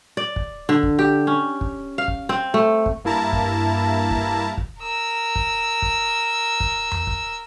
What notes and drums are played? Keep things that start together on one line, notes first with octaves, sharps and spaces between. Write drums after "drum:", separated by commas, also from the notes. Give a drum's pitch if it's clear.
D5
drum: kick
D3
drum: kick
G4
C#4
drum: kick
F5
drum: kick
C4
A3
drum: kick
G2 A#3 E4 A5 A#5
drum: kick
drum: kick
drum: kick
A#4 E6
drum: kick
drum: kick
drum: kick
drum: tom E2
drum: kick